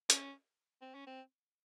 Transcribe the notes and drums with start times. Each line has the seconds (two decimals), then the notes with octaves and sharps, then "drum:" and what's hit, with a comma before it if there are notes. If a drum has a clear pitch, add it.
0.10 C#4, drum: hi-hat
0.81 C4
0.94 C#4
1.07 C4